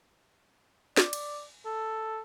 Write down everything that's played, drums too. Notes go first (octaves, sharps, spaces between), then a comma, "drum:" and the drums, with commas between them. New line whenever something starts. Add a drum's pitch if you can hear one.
D5, drum: snare
drum: cymbal
A4